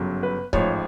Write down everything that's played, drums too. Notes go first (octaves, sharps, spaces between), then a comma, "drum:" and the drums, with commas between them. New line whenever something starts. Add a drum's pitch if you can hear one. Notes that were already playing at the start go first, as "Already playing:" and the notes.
Already playing: G1 F#2 C#3 F#3
B4
A1 G#2 F3 C#5, drum: kick C#1